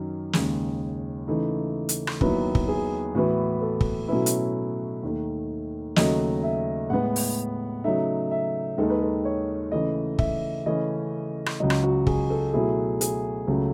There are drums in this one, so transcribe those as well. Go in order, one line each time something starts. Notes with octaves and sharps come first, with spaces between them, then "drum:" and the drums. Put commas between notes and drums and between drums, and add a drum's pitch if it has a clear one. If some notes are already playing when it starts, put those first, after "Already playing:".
Already playing: F#2 D#3 F#3
D#2 C#3 G#3, drum: snare
C#3 E3 A3 D#4
drum: hi-hat
drum: rim click
D#2 D#3 F#3 B3 E4 B4, drum: kick
drum: kick
G#4
A2 E3 B3 E4 F#4
A4
drum: kick
B2 F#3 A3 C#4 E4 B4
drum: hi-hat
D#2 D#3 A3
D#2 C#3 F#3 A3 D#5, drum: snare
E5
A2 G#3 B3 F#5
drum: open hi-hat
C#3 F#3 A3 D#4 E5
E5
D#2 D#3 G#3 D#4 A4
B4
A4
C#5
C#3 E3 A3 D#5
E5, drum: kick
C#3 E3 A3 C#4 D#5
drum: rim click
C#2 C#3 F#3 D#5
drum: rim click
F#4
G#4, drum: kick
A4
B2 F#3 A3 E4 G#4
G#4, drum: hi-hat
C#2 C#3 F#3 A3 A4